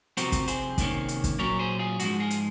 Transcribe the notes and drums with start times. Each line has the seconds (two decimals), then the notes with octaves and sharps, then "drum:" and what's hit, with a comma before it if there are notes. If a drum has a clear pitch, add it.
0.17 F2 C3 F3 C4 F#4 A#4, drum: hi-hat
0.32 drum: kick, hi-hat
0.48 G#4 C5, drum: hi-hat
0.78 C3 D#3 A#3 C#4, drum: kick, hi-hat
1.08 drum: hi-hat
1.24 drum: kick, hi-hat
1.39 A#2 F#3 C#4 A#4 C#5
1.59 G#4 C5
1.79 F4 G#4
2.00 G#2 F3 G#3 F#4, drum: hi-hat
2.20 F4 G#4
2.30 drum: hi-hat